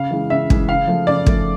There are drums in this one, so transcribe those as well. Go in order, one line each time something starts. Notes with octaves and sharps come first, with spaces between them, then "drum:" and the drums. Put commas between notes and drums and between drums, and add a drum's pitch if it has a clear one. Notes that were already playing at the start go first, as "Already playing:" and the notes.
Already playing: C#3 F5
E3 G#3
C#3 E5
E3 G#3, drum: kick
C#3 F5
F3 A3
C#3 D5
F3 A3, drum: kick